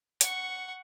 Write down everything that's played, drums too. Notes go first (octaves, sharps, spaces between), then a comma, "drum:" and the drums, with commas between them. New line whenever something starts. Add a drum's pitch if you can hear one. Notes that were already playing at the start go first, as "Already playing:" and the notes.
F#5 C#6, drum: hi-hat